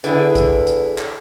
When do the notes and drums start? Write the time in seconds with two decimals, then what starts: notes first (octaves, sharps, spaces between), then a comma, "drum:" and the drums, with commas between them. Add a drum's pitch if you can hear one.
0.04 E2 D3 E4 G#4, drum: hi-hat
0.35 drum: kick, hi-hat
0.67 drum: hi-hat
0.98 drum: clap